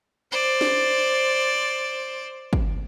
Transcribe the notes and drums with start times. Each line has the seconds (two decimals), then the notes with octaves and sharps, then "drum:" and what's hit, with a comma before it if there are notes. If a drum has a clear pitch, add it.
0.32 C5 D5
0.61 drum: snare
2.53 drum: kick